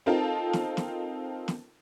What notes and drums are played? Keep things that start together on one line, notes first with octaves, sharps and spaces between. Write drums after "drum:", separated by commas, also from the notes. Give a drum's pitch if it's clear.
C4 D#4 F4 A4 A#4 A5
drum: snare
drum: snare
drum: snare